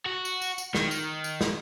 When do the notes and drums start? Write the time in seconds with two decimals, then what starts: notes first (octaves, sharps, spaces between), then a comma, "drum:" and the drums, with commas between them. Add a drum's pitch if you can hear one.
0.06 F#4
0.25 drum: tambourine
0.42 drum: tambourine
0.58 drum: tambourine
0.75 D#3, drum: snare
0.91 drum: tambourine
1.24 drum: tambourine
1.41 drum: snare